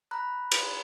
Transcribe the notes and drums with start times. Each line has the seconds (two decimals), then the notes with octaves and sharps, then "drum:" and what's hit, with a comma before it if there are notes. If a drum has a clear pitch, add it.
0.11 A#5 B5 F#6
0.52 drum: cymbal